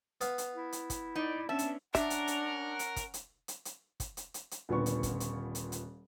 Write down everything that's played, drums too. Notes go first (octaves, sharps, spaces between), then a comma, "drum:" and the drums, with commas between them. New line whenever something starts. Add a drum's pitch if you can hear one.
B3 F5, drum: hi-hat
drum: hi-hat
E4
drum: hi-hat
drum: kick, hi-hat
D#4 D5
B3 C#4 D4 E5 A5
drum: hi-hat
C#4 D4 A#4 E5 F#5, drum: kick, hi-hat
drum: hi-hat
drum: hi-hat
drum: hi-hat
drum: kick, hi-hat
drum: hi-hat
drum: hi-hat
drum: hi-hat
drum: kick, hi-hat
drum: hi-hat
drum: hi-hat
drum: hi-hat
D#1 A#2 D3 B3 C#6
drum: hi-hat
drum: kick, hi-hat
drum: hi-hat
drum: hi-hat
drum: hi-hat